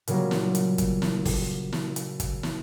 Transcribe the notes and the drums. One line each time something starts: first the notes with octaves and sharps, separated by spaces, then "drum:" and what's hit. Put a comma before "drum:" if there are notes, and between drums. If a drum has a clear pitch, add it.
A#2 C#3 F#3 G3 A#3, drum: hi-hat
drum: snare
drum: hi-hat
drum: kick, hi-hat
drum: snare
drum: kick, open hi-hat
drum: snare
drum: hi-hat
drum: kick, hi-hat
drum: snare